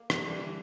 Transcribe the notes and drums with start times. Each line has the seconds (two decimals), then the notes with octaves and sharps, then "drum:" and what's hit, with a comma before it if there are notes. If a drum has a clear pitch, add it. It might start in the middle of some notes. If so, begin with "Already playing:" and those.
Already playing: A#3
0.10 D4, drum: rim click
0.26 D3 E3 G3